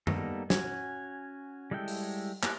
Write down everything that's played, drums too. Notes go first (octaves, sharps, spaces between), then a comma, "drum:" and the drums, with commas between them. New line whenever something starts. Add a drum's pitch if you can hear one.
G3 A#3 B3 D#4 A4, drum: tom F#2
C#4 F#4 G#5, drum: snare
G3 G#3 E4 A4 G5
drum: open hi-hat
A#3 E4 G4 F#6, drum: clap